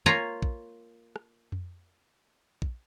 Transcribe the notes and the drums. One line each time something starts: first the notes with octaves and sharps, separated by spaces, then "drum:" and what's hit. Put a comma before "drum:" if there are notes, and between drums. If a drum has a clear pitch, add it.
A#3 F4 C#5 G#5 A#5
drum: kick
drum: rim click
drum: tom F2
drum: kick